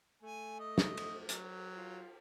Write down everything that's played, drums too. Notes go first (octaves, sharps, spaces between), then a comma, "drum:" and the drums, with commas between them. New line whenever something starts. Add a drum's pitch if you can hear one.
A3 G#5
D#5
drum: snare
drum: cymbal
F#3, drum: hi-hat
F4